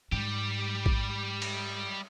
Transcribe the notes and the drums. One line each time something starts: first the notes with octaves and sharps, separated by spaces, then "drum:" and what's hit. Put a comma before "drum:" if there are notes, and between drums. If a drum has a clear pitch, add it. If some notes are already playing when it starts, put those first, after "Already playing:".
G#2 G3 G4
drum: kick A1
drum: cymbal